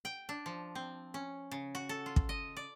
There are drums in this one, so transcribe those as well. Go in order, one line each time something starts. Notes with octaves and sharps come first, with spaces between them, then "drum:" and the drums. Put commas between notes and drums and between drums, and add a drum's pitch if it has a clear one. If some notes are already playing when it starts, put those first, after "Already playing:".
G5
D4
F3
C4
C#4
C#3
F#4
A4
F4
drum: kick
D#5
D5